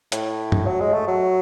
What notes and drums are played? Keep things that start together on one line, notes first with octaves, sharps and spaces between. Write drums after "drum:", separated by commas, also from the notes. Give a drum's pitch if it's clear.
A2, drum: hi-hat
drum: tom G2
F#3
G#3
A3
F#3